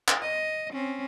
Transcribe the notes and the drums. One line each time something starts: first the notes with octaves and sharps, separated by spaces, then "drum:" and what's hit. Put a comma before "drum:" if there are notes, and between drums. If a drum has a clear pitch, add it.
drum: clap
D#5
C4 C#4